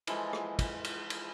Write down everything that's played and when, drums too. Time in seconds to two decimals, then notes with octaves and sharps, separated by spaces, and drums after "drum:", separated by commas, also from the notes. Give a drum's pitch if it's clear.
0.07 E3 F3 G#3 A4, drum: cymbal
0.33 drum: rim click
0.59 drum: kick, cymbal
0.84 drum: cymbal
1.10 drum: cymbal